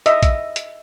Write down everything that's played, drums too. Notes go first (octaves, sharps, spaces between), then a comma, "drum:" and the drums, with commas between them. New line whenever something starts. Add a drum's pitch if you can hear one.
D#5 E5, drum: hi-hat
drum: kick, hi-hat
drum: hi-hat